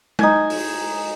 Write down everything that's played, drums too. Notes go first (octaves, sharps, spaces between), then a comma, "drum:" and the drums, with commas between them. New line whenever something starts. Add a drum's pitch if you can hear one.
D#4 G#5, drum: tom G#3
drum: open hi-hat